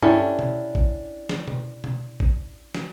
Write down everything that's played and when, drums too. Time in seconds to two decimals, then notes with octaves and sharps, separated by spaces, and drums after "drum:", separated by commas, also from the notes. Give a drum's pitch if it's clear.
0.02 C#4 D4 E4 G4 A4, drum: tom G2
0.39 drum: tom B2
0.75 drum: kick A1
1.29 drum: snare
1.48 drum: tom B2
1.84 drum: tom B2
2.20 drum: kick A1
2.75 drum: snare